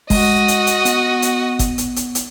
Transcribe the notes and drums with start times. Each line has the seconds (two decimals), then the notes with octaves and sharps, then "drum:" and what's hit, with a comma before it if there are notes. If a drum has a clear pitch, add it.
0.10 G#3 F#4 D#5, drum: kick G1, open hi-hat
0.48 drum: hi-hat
0.67 drum: hi-hat
0.85 B3, drum: hi-hat
1.22 drum: hi-hat
1.59 drum: kick G1, hi-hat
1.78 drum: hi-hat
1.96 drum: hi-hat
2.15 drum: hi-hat